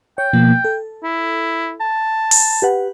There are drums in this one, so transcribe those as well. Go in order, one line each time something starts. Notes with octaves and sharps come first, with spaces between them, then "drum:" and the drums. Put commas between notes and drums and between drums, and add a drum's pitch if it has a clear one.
C#5 G5
B2 F3 A#3
A4
E4
A5
drum: open hi-hat
G4 B4 F#5